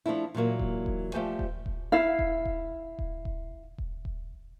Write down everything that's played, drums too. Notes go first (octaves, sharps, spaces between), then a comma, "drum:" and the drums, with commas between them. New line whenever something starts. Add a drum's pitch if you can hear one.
F3 A3 D4 E4
A#2 E3 F#3 A#3
drum: kick D#1
drum: kick D#1
F3 G3 A3 G4 C5 G#5
drum: kick D#1
drum: kick D#1
E4 F5
drum: kick D#1
drum: kick D#1
drum: kick D#1
drum: kick D#1
drum: kick D#1
drum: kick D#1